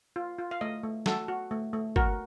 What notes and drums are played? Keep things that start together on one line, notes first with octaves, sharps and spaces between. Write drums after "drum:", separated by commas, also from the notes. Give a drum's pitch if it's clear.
F4
F4
F5
A3 D#5
A3
F#4 A4, drum: snare
F#4
A3
A3
F#4 A#4, drum: kick